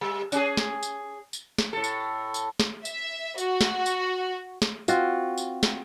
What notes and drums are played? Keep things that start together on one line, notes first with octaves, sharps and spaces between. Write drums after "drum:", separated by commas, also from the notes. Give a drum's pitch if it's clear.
G3
C#4 G#4, drum: tambourine
drum: snare
drum: tambourine
drum: tambourine
drum: snare
A2 A4
drum: tambourine
drum: tambourine
drum: snare
E5, drum: tambourine
F#4, drum: tambourine
drum: snare
drum: tambourine
drum: snare
C4 F4 F#4, drum: tambourine
drum: tambourine
drum: snare